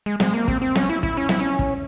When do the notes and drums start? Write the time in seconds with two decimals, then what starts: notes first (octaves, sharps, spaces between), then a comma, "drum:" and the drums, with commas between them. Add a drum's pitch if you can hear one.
0.06 G#3
0.20 G#3, drum: snare
0.34 A#3
0.48 C4, drum: kick
0.62 C4
0.75 C#4, drum: snare
0.89 E4
1.03 E4, drum: kick
1.17 C#4
1.29 E4, drum: snare
1.40 C#4
1.59 drum: kick